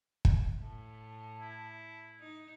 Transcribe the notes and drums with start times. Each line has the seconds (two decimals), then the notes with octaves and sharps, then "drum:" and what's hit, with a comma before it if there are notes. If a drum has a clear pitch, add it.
0.25 drum: kick
0.61 A2 A5
1.41 E4
2.19 D#4